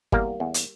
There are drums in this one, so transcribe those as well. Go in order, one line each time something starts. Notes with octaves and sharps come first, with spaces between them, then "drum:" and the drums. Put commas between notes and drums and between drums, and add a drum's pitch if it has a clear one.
E2 G3 A#3, drum: kick G1
E2
drum: hi-hat